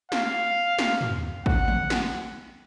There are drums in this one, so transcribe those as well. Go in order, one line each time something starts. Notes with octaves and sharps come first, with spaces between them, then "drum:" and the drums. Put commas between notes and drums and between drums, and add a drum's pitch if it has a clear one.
F5, drum: snare
drum: snare
drum: tom
F#5, drum: kick
drum: tom
drum: snare